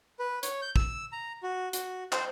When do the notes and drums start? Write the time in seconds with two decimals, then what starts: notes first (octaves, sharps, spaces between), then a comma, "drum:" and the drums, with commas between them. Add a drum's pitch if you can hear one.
0.19 B4
0.43 C#5, drum: hi-hat
0.62 G6
0.76 E6, drum: kick
1.12 A#5
1.43 F#4
1.73 F#4, drum: hi-hat
2.12 C5, drum: clap